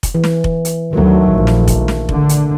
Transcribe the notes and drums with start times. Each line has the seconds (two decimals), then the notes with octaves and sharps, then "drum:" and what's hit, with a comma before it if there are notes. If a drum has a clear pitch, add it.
0.03 drum: kick F1, hi-hat
0.15 E3
0.24 drum: snare
0.44 drum: kick F1
0.65 drum: hi-hat
0.93 D2 D#3 F#3 A3
1.32 A#1
1.47 drum: snare
1.68 drum: kick F1, hi-hat
1.88 drum: snare
2.09 D3, drum: kick F1
2.29 drum: hi-hat